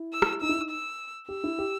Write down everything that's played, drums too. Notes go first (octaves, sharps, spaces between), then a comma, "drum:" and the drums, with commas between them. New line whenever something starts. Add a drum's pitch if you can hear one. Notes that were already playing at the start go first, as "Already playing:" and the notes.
Already playing: E4
E6
drum: rim click
D#4 E6
E4
D#4
E6
G4 E6
E4
G4